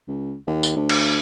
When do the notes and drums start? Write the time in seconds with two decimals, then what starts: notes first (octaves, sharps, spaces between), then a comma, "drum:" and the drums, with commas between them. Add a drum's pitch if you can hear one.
0.08 C#2
0.47 D#2
0.63 drum: tambourine
0.76 D2
0.89 drum: cymbal